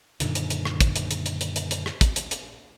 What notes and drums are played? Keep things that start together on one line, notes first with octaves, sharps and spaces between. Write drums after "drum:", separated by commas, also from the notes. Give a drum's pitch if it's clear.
F#2 A#2 D3 D#3, drum: hi-hat
drum: hi-hat
drum: hi-hat
drum: rim click
drum: kick, hi-hat
drum: hi-hat
drum: hi-hat
drum: hi-hat
drum: hi-hat
drum: hi-hat
drum: hi-hat
drum: rim click
drum: kick, hi-hat
drum: hi-hat
drum: hi-hat